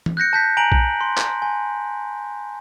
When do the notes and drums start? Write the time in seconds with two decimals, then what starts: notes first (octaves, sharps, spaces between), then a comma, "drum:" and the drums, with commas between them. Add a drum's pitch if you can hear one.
0.06 drum: tom
0.17 F#6 G6 A#6 C#7
0.33 A5 G6 B6
0.57 G#5 A#5 D7 F#7
0.72 drum: kick A#1
1.01 C6
1.18 drum: clap
1.42 G#5